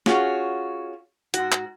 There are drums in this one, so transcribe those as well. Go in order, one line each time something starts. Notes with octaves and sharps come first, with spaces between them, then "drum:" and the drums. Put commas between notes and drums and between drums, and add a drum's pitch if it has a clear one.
C#4 F4 F#4 G#4 C#5, drum: snare
G#2 F#4, drum: hi-hat
drum: clap